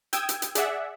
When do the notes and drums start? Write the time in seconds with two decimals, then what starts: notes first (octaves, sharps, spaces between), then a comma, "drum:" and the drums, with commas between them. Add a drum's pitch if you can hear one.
0.13 G5 D#6 E6 G#6, drum: hi-hat
0.29 drum: hi-hat
0.42 drum: hi-hat
0.55 G#4 D5 E5 F#5, drum: hi-hat